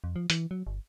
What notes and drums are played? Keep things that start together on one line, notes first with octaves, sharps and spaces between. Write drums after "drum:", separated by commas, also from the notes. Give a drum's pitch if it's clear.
F2
F3
E3, drum: hi-hat
F#3
G1